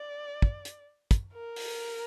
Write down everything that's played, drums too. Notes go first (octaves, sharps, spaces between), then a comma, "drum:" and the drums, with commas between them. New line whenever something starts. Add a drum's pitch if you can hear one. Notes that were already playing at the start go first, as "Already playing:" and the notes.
Already playing: D5
drum: kick
drum: hi-hat
drum: kick, hi-hat
A#4
drum: open hi-hat